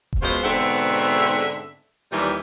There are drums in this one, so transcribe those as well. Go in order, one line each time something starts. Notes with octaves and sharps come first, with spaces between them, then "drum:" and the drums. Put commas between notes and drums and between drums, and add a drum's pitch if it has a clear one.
drum: kick D#1
F#2 B2 G#3 F4 C5
G#2 B2 D3 C4 E5 F#5
D#2 A#2 E3 G3